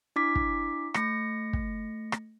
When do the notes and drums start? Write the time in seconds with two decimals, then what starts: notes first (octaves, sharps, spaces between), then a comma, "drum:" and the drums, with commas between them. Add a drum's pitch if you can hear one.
0.16 D4 E4 D6 B6
0.35 drum: kick
0.94 A3 A#6 C#7, drum: rim click
1.53 drum: kick
2.12 drum: rim click